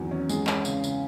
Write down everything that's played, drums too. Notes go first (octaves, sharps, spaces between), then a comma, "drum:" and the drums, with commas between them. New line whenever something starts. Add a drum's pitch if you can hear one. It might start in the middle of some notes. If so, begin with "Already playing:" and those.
Already playing: E2 D#3 F#3
C#4
G#3, drum: tambourine
C#4, drum: clap
C#3, drum: tambourine
C#3, drum: tambourine